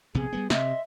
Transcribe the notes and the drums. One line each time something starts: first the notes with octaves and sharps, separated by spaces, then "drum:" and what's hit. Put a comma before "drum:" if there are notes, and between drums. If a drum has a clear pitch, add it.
A#1 C3 B3 G#4
G3 G#3 B3
C3 D#5 E5 C6, drum: snare